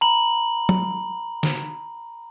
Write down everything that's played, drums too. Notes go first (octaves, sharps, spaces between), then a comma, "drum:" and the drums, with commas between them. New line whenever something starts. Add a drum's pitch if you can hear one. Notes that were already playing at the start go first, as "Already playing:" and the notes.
A#5 B5 F#7
drum: tom F#3
drum: snare